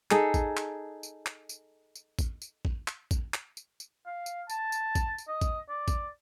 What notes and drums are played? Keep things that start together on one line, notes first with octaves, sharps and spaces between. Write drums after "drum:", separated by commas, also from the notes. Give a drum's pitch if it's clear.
D#4 G#4 A4, drum: clap
drum: kick A1, tambourine
drum: clap
drum: tambourine
drum: clap
drum: tambourine
drum: tambourine
drum: kick A1, tambourine
drum: tambourine
drum: kick A1
drum: clap
drum: kick A1, tambourine
drum: clap
drum: tambourine
drum: tambourine
F5
drum: tambourine
A5, drum: tambourine
drum: tambourine
drum: kick A1, tambourine
drum: tambourine
D#5
drum: kick A1, tambourine
D5
drum: kick A1, tambourine